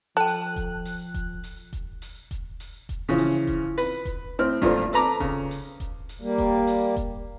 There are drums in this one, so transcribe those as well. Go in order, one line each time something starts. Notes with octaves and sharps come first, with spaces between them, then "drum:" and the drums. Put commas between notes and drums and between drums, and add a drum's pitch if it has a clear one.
F3 A4 G5 A5 F#6
drum: open hi-hat
drum: kick E1, hi-hat
drum: open hi-hat
drum: kick E1, hi-hat
drum: open hi-hat
drum: kick E1, hi-hat
drum: open hi-hat
drum: kick E1, hi-hat
drum: open hi-hat
drum: kick E1, hi-hat
C#3 E3 F3
drum: open hi-hat
drum: kick E1, hi-hat
B4, drum: open hi-hat
drum: kick E1, hi-hat
A2 C4 F6
G2 A#2 F3 A3 C4 D4, drum: kick E1, hi-hat
A4 B4 A#5 D6, drum: open hi-hat
C#3, drum: kick E1, hi-hat
drum: open hi-hat
drum: kick E1, hi-hat
drum: open hi-hat
G3 A#3
drum: kick E1, hi-hat
drum: open hi-hat
drum: kick E1, hi-hat